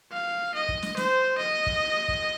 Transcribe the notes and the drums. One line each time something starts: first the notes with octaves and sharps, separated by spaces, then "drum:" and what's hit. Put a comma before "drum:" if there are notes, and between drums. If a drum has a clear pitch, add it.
F5
D#5
drum: kick
drum: snare
C5, drum: snare
D#5
drum: kick
drum: kick